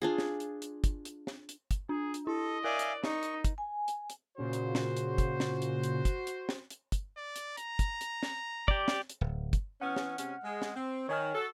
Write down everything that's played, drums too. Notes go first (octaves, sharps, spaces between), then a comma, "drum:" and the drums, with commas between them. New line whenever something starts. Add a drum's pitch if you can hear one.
D4 F4 G#4
drum: snare
drum: hi-hat
drum: hi-hat
drum: kick, hi-hat
drum: hi-hat
drum: snare
drum: hi-hat
drum: kick, hi-hat
D4 G#4
drum: hi-hat
E4 A4 D#5
A#4 D5 E5 F5 G#5
drum: hi-hat
D#4 D#5 C#6, drum: snare
drum: hi-hat
drum: kick, hi-hat
G#5
drum: hi-hat
drum: hi-hat
A#2 C#3 F#4 C5
drum: hi-hat
drum: snare
drum: hi-hat
drum: kick, hi-hat
drum: snare
drum: hi-hat
drum: hi-hat
drum: kick, hi-hat
drum: hi-hat
drum: snare
drum: hi-hat
drum: kick, hi-hat
D5
drum: hi-hat
A#5, drum: hi-hat
drum: kick, hi-hat
drum: hi-hat
drum: snare
G4 D5, drum: kick
drum: snare
drum: hi-hat
D1
drum: kick, hi-hat
E3 B3 C#4 F#5 F6
drum: snare
C3 G#3 C#4, drum: hi-hat
G#3
drum: snare
C4
D#3 C#5 G#5 F6
F#4 A4